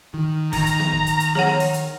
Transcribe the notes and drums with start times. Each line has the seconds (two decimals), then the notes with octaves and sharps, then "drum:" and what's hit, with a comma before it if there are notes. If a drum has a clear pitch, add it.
0.14 D#3
0.53 D#3 A#5, drum: kick, open hi-hat
0.66 drum: hi-hat
0.80 drum: snare
0.93 drum: kick
1.07 drum: hi-hat
1.20 drum: hi-hat
1.35 G#4 C#5 F#5, drum: snare
1.47 drum: snare
1.60 drum: open hi-hat
1.74 drum: hi-hat